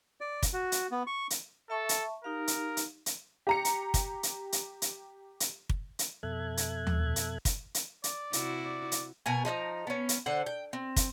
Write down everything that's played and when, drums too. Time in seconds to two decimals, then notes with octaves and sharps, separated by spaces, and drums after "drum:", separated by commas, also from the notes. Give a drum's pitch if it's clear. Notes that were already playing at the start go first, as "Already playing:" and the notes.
0.21 D5
0.43 drum: kick, hi-hat
0.53 F#4
0.72 drum: hi-hat
0.91 B3
1.07 C#6
1.30 drum: hi-hat
1.70 A4 E5 A5 C#6
1.89 drum: hi-hat
2.24 D#4 G4 A#4 F5
2.48 drum: hi-hat
2.77 drum: hi-hat
3.06 drum: hi-hat
3.47 G4 A#5 C#7
3.65 drum: hi-hat
3.94 drum: kick, hi-hat
4.23 drum: hi-hat
4.52 drum: hi-hat
4.82 drum: hi-hat
5.40 drum: hi-hat
5.70 drum: kick
5.99 drum: hi-hat
6.23 F2 B2 A4 E5 F#6 G#6
6.57 drum: hi-hat
6.87 drum: tom D#2
7.16 drum: hi-hat
7.45 drum: kick, hi-hat
7.74 drum: hi-hat
8.04 D5, drum: hi-hat
8.33 C3 E4 F#4, drum: hi-hat
8.65 D5
8.92 drum: hi-hat
9.26 B2 A#4 G#5
9.45 F3 D#4 D#5 A#5
9.87 B3 C#4
10.09 drum: hi-hat
10.26 D3 C5 F#5
10.46 G5
10.73 C4
10.97 drum: kick, hi-hat